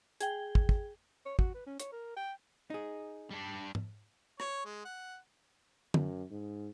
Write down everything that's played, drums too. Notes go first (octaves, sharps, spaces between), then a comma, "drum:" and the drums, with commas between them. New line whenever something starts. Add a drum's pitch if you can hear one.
G#4 G5, drum: hi-hat
drum: kick
drum: kick
C#5
F#4, drum: kick
B4
C#4
C#5, drum: hi-hat
A#4
G5
D#4 G#4
G3 D4
drum: tom G#2
C#5, drum: rim click
G#3
F#5
F#2, drum: tom
G#2